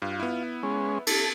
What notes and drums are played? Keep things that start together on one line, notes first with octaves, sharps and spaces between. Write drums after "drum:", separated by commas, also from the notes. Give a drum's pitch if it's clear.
G2 F4
B3 E4
G#3 C#4
A4, drum: cymbal